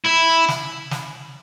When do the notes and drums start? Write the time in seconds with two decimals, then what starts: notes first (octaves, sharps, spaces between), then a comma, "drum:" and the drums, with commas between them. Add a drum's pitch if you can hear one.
0.06 E4
0.48 drum: snare
0.91 drum: snare